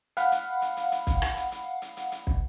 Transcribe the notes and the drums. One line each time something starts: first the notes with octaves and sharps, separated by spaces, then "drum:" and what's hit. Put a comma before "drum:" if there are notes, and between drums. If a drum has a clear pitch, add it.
F5 F#5 B5, drum: hi-hat
drum: hi-hat
drum: hi-hat
drum: hi-hat
drum: hi-hat
drum: kick, hi-hat
drum: rim click
drum: hi-hat
drum: hi-hat
drum: hi-hat
drum: hi-hat
drum: hi-hat
drum: kick